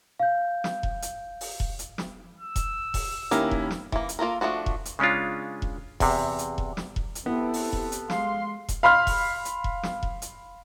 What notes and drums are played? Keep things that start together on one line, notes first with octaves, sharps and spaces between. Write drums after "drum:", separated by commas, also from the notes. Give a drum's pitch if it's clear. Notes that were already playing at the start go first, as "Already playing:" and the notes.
F5 G6
drum: snare
drum: kick E1
drum: hi-hat
drum: open hi-hat
drum: kick E1
drum: hi-hat
drum: snare
E6
drum: kick E1, hi-hat
drum: kick E1, open hi-hat
D#2 C#4 E4 G4 A#4, drum: hi-hat
drum: kick E1
drum: snare
E3 A#3, drum: kick E1
drum: hi-hat
A#3 F4 A4 A#4
F3 A3 D4 F#4
drum: kick E1
drum: hi-hat
C#3 G#3 C#4 D4 F4
drum: kick E1
E2 C3, drum: kick E1, open hi-hat
drum: hi-hat
drum: kick E1
drum: snare
drum: kick E1
drum: hi-hat
B3 C4 E4 G4 A4 B4
drum: open hi-hat
drum: kick E1
drum: hi-hat
G#3 F5 C6, drum: snare
drum: kick E1, hi-hat
F5 B5 C6 F6
drum: kick E1, open hi-hat
drum: hi-hat
drum: kick E1
drum: snare
drum: kick E1
drum: hi-hat